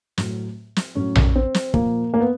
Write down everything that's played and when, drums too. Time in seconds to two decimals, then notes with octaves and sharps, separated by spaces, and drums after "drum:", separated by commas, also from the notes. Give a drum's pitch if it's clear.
0.18 A2 F#3, drum: snare
0.76 drum: snare
0.95 A2 F#3 C#4
1.15 drum: tom A#1
1.36 C4
1.54 drum: snare
1.74 A#2 F3 A#3, drum: kick
2.14 A#3
2.20 B3